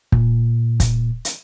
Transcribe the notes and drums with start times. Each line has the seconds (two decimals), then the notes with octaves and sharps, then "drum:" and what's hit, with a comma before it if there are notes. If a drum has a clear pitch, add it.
0.12 A#2, drum: kick
0.80 drum: kick, hi-hat
1.25 drum: hi-hat